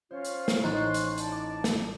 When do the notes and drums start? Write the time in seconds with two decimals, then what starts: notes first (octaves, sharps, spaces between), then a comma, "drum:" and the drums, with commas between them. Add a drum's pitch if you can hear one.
0.11 C#4 F4 C5 C#5
0.25 drum: hi-hat
0.48 drum: snare
0.64 A1 D#4 C5 C6 C#6 F#6 A6
0.94 drum: hi-hat
1.18 D5 A5, drum: hi-hat
1.32 D6
1.64 drum: snare